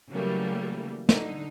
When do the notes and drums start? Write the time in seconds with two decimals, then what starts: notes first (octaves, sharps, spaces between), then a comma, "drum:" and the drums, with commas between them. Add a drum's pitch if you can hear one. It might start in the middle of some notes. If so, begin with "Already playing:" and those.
0.11 C#3 E3 F#3 G3 A3 A#3
1.09 D3 D#4, drum: snare